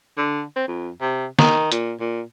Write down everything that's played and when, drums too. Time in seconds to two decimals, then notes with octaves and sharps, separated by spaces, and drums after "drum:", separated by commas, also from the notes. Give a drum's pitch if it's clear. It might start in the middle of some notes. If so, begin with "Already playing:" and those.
0.17 D3
0.56 C4
0.68 F2
1.01 C3
1.39 D#3, drum: snare
1.72 A#2, drum: hi-hat
2.00 A#2